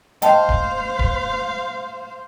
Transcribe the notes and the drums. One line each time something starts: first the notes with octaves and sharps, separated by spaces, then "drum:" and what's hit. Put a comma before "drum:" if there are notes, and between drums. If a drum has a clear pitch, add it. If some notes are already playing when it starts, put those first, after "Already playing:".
C5 D#5 F5 G5 A5, drum: hi-hat
drum: kick D1
drum: kick D1